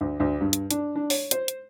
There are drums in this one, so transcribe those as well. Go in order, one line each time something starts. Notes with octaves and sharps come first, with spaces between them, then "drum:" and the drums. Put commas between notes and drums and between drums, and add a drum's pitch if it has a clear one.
D2
D2
G2
drum: hi-hat
D4, drum: hi-hat
D4
C#5, drum: open hi-hat
C5, drum: hi-hat
drum: hi-hat